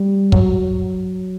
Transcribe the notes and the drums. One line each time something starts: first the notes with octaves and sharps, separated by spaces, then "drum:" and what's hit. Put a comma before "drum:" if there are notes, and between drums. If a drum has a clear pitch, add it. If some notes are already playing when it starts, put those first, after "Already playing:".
Already playing: G3
F#3, drum: kick